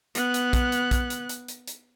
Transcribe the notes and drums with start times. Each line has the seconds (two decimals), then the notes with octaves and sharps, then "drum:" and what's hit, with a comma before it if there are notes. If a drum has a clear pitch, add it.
0.15 B3 F#6, drum: hi-hat
0.34 drum: hi-hat
0.53 drum: kick, hi-hat
0.72 drum: hi-hat
0.91 drum: kick, hi-hat
1.10 drum: hi-hat
1.29 drum: hi-hat
1.48 drum: hi-hat
1.67 drum: hi-hat